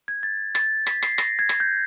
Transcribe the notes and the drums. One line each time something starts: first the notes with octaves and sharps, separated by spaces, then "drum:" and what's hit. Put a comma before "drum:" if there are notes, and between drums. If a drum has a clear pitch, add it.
G#6
A6
A6, drum: rim click
B6, drum: rim click
C7, drum: rim click
A#6, drum: rim click
G#6
drum: rim click
G6